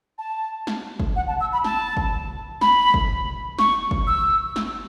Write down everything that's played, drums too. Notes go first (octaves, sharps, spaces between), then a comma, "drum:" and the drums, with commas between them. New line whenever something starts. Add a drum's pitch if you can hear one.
A5
drum: snare
drum: kick
F#5
A5
E6
B5
A5, drum: snare
drum: kick
B5, drum: snare
drum: kick
C#6, drum: snare
drum: kick
E6
drum: snare